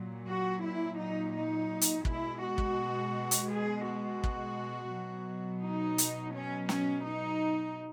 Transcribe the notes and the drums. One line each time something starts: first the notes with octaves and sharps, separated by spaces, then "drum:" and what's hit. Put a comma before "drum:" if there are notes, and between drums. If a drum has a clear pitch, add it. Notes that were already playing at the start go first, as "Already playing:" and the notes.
Already playing: A#2 F#3
F#4
E4
D#4
D#4
drum: hi-hat
B2 G#3 E4, drum: kick
F#4
drum: kick
drum: hi-hat
G#4
F#4
drum: kick
B2 F#3
D#4
drum: hi-hat
C#4
C#4, drum: snare
D#4